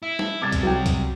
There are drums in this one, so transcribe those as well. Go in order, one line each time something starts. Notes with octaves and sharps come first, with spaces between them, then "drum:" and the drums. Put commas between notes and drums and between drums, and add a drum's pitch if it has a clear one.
E4
drum: snare
C3 G3 D6 G#6 A6
drum: kick C2, hi-hat
F#3 G5
drum: kick C2, hi-hat